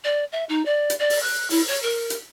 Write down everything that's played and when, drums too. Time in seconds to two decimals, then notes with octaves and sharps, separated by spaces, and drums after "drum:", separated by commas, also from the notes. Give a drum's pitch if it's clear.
0.04 D5
0.32 E5
0.49 D#4
0.65 D5
0.90 drum: hi-hat
0.99 D5
1.10 drum: open hi-hat
1.22 F#6
1.50 E4, drum: open hi-hat
1.67 C#5
1.82 A#4
2.10 drum: hi-hat